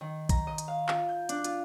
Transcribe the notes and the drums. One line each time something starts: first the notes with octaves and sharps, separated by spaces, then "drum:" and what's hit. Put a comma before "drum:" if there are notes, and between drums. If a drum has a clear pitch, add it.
D#3
A#5, drum: kick A#1, hi-hat
D#5
drum: hi-hat
F5
F4, drum: clap
G6
D4, drum: hi-hat
F4, drum: hi-hat